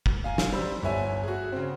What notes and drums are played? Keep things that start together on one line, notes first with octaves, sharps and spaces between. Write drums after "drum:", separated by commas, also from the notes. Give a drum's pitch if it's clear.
drum: kick
F5 G#5 A#5
drum: snare
G3 C5 B5 E6
G1 C#5 E5 G#5
F#4 G#4
C#3 C4